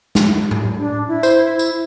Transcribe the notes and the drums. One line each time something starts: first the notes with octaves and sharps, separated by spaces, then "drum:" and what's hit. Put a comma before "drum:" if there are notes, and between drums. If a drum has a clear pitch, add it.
drum: snare
drum: tom A2
D4
E4
C5, drum: tambourine
drum: tambourine